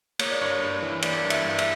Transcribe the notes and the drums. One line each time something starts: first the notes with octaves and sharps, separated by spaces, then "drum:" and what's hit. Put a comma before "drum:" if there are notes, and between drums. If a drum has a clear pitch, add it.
A#3 C#5, drum: cymbal
D5
G2 C#5
G2 C#5
E3
A#3 D5, drum: cymbal
G2
E5, drum: cymbal
G2
E5, drum: cymbal